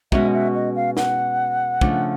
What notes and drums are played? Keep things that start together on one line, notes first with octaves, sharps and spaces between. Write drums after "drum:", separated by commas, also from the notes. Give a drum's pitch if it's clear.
B2 G#3 C#4 F#4 E5, drum: kick
E5
D#5
F5
F#5, drum: snare
C#3 F3 A3 D4, drum: kick